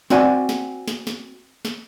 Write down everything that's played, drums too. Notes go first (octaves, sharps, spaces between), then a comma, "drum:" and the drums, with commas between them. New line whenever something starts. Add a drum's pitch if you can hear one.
C4 F#4 D5 F#5 G#5, drum: snare
drum: snare
drum: snare
drum: snare
drum: snare